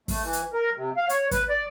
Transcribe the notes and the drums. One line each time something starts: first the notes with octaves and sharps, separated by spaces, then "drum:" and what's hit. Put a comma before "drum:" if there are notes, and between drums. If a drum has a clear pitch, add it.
A3, drum: kick, open hi-hat
E3
drum: hi-hat
A#4
C3
F5
C#5, drum: hi-hat
B4, drum: kick, hi-hat
D5